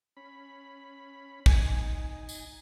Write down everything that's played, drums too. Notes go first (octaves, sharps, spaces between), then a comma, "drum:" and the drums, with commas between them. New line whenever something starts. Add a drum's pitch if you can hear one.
C#4 B5
D#4 G#5, drum: kick
drum: tambourine